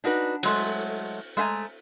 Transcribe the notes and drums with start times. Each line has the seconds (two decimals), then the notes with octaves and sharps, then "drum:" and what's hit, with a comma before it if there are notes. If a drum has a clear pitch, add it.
0.04 D4 D#4 F#4 B4
0.43 F#3 G#3 A3, drum: cymbal
1.37 G#3 A3 F5 G#5 A#5